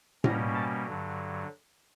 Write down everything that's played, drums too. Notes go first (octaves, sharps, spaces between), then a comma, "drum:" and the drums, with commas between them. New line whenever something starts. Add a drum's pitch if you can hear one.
B2 G3 A#3 C#4 A#5, drum: tom A2
A5
G2 D3 F#3